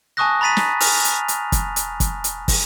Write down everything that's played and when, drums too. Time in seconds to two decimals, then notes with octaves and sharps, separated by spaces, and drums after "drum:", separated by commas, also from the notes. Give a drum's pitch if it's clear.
0.17 G#5 A5 C#6 D#6 F#6 A#6
0.41 A#5 B5 A6 B6 D#7
0.57 drum: snare
0.80 G#5 F6 F7, drum: open hi-hat
1.04 drum: hi-hat
1.28 drum: hi-hat
1.52 drum: kick, hi-hat
1.76 drum: hi-hat
2.00 drum: kick, hi-hat
2.24 drum: hi-hat
2.48 drum: kick, open hi-hat